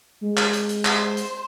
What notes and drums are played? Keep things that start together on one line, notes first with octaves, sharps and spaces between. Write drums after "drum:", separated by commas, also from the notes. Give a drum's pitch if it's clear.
G#3
drum: clap
drum: hi-hat
drum: hi-hat
drum: clap
C5
drum: hi-hat